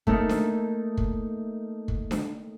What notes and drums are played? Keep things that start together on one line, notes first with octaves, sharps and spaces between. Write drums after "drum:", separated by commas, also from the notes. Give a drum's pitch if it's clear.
A3 A#3 D#4 A4, drum: kick
drum: snare D4
drum: kick
drum: kick
drum: snare D4